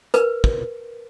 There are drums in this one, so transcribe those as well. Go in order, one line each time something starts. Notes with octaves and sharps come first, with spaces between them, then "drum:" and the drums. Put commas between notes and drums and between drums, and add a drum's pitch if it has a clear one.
A#4 B4, drum: hi-hat
drum: kick